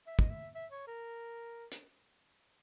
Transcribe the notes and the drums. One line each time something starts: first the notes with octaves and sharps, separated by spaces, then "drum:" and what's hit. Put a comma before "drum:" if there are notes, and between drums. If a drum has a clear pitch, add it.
E5
D#5, drum: kick
E5
E5
C#5
A#4
drum: hi-hat